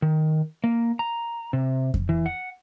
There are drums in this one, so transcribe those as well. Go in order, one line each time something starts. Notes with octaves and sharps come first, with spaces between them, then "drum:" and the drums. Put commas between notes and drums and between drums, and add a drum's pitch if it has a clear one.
D#3
A#3
A#5
C3
drum: kick F2
E3
F#5